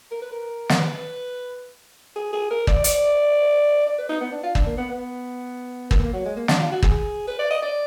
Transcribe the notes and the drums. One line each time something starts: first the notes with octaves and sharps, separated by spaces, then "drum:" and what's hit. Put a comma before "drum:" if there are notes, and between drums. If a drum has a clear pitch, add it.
A#4
B4
A#4
drum: snare
B4
G#4
G#4
A#4
D5, drum: kick
D5, drum: hi-hat
D5
B4
D#4
B3
D4
F4
D4, drum: kick
A#3
B3
B3
A#3, drum: kick
A#3
F#3
G#3
A#3
D4, drum: snare
F4
F#4
G#4, drum: kick
B4
D5
D#5
D5